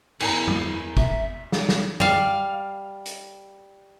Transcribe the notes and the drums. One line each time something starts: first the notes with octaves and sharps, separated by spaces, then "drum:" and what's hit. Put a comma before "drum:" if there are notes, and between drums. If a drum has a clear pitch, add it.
E2 E4 A#4 G#5 A#5, drum: cymbal
drum: tom
E5, drum: kick
drum: snare
drum: snare
G3 F5, drum: tom
drum: hi-hat